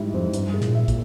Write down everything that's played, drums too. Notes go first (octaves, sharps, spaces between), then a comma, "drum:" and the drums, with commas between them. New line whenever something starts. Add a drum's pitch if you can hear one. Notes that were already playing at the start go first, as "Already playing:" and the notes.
Already playing: G#2 G3 E4
F2 C4
G#2
G2 E4, drum: hi-hat
G#3
A#2, drum: snare
E5
A#2, drum: kick, hi-hat